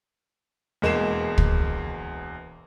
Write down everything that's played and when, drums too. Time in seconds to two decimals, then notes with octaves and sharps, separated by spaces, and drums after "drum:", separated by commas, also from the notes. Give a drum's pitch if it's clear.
0.82 E1 E2 G#3 A#3 C7 E7
1.38 drum: kick